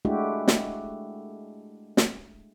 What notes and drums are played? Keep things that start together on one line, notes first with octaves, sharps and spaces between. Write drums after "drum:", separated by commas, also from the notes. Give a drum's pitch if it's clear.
G#3 A3 D4 E4 F#4 G4
drum: snare
drum: snare